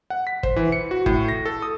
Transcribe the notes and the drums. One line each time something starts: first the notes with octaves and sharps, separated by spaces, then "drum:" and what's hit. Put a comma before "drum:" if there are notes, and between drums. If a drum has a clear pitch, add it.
F#5
B6
C5, drum: kick
E3
C#7
F#4
A2, drum: kick
A#6
A4
D#6